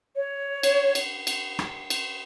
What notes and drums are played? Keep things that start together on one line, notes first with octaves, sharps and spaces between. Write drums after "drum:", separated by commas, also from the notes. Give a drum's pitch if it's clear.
C#5
drum: cymbal
drum: cymbal
drum: cymbal
drum: rim click
drum: cymbal